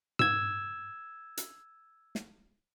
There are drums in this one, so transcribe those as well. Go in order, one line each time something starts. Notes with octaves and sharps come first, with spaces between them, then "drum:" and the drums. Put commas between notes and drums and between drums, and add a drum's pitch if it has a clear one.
E6 G#6, drum: tom G#2
drum: hi-hat
drum: snare